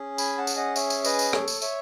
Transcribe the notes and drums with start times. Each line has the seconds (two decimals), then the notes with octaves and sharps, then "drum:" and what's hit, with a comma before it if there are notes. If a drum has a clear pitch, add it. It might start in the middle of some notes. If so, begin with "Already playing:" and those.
Already playing: C#4 G#4
0.18 G#5 B5, drum: tambourine
0.37 F#5 A5
0.47 drum: tambourine
0.56 D#5 F#5
0.76 C#5 E5, drum: tambourine
0.90 drum: tambourine
1.05 B4 D#5, drum: tambourine
1.19 drum: tambourine
1.33 A4 C#5, drum: rim click
1.48 drum: tambourine
1.62 C#5 E5, drum: tambourine